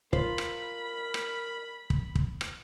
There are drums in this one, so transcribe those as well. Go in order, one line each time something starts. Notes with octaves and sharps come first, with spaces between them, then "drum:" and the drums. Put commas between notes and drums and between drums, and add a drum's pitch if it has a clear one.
F4 A#4 C5 B5, drum: kick
drum: rim click
drum: rim click
drum: kick
drum: kick
drum: rim click